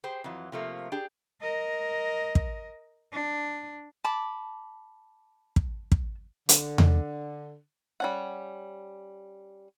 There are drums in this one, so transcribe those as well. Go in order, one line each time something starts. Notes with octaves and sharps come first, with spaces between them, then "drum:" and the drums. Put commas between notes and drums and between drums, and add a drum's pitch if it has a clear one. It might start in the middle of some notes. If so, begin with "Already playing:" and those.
G4 G#4 C5 G5
F2 E3 F#3
C3 F3 A3 A#3
D4 G4 G#4 G5
A#4 D#5
drum: kick
D4
A5 B5 D6
drum: kick
drum: kick
D3, drum: hi-hat
drum: tom E2
G3 C#4 F#5